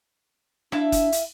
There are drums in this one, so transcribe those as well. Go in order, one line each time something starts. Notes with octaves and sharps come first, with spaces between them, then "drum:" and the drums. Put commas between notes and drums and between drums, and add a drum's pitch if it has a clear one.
D4 E4 E5 F5, drum: rim click
drum: kick F#1, hi-hat
drum: hi-hat